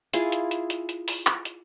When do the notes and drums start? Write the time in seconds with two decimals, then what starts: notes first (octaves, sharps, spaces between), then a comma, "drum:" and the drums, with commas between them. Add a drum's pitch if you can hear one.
0.14 E4 F4 G#4, drum: hi-hat
0.32 drum: hi-hat
0.51 drum: hi-hat
0.70 drum: hi-hat
0.89 drum: hi-hat
1.08 drum: open hi-hat
1.27 drum: clap
1.45 drum: hi-hat